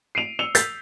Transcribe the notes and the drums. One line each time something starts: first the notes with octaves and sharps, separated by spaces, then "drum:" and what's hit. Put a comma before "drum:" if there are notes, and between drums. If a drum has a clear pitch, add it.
C7 D7 D#7 F7
E6 C#7 F7 G7
E6 G6 A6 B6 C7, drum: hi-hat